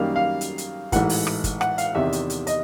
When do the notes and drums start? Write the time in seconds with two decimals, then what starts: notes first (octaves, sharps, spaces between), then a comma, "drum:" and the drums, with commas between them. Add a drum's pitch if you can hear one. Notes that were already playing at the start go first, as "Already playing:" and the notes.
Already playing: F#2 D#3 G3 A#3 F5
0.16 F5
0.41 drum: hi-hat
0.58 drum: hi-hat
0.92 A1 G#2 E3 F#5, drum: kick, hi-hat
1.09 drum: open hi-hat
1.27 drum: rim click
1.44 drum: kick, hi-hat
1.61 F#5, drum: rim click
1.78 F5, drum: hi-hat
1.95 E2 C3 D#3 E5
2.13 drum: hi-hat
2.30 drum: hi-hat
2.47 D#5, drum: hi-hat